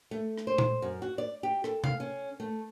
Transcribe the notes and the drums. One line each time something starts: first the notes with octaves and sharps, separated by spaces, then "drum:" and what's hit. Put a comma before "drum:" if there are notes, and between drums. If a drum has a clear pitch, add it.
A3
drum: rim click
C5
drum: tom A#2
F#2
F#4
D5
G4
A4, drum: rim click
F5, drum: tom C3
C#4
A3